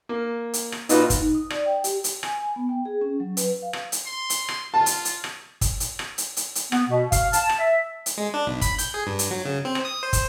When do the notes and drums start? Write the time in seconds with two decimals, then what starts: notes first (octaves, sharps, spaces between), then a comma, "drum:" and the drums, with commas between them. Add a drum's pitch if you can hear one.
0.09 A#3
0.54 drum: hi-hat
0.72 drum: rim click
0.89 A#2 D#4 F4 F#4 B4, drum: hi-hat
1.10 drum: kick, hi-hat
1.19 D#4
1.35 D#6
1.50 D5, drum: rim click
1.66 G5
1.84 G4, drum: hi-hat
2.04 drum: hi-hat
2.23 G#5, drum: rim click
2.36 G#5
2.56 B3
2.69 G5
2.85 G#4
3.01 C#4
3.20 F#3
3.37 B4, drum: hi-hat
3.62 F5
3.73 drum: rim click
3.92 drum: hi-hat
4.06 C6
4.30 drum: hi-hat
4.49 drum: rim click
4.74 F4 A5
4.86 drum: hi-hat
5.05 drum: hi-hat
5.24 drum: rim click
5.61 drum: kick, hi-hat
5.80 drum: hi-hat
5.99 drum: rim click
6.18 drum: hi-hat
6.37 drum: hi-hat
6.55 drum: hi-hat
6.72 B3, drum: rim click
6.89 B2
7.12 F5, drum: kick, hi-hat
7.33 A5, drum: hi-hat
7.49 drum: rim click
7.59 E5
8.06 drum: hi-hat
8.18 G#3
8.34 D4
8.47 B1
8.61 B5, drum: kick, hi-hat
8.78 G6, drum: hi-hat
8.94 G#4
9.07 G2
9.19 drum: hi-hat
9.31 F#3
9.45 C#3
9.65 C4
9.75 drum: rim click
9.85 D#6
10.03 C5
10.13 drum: kick, hi-hat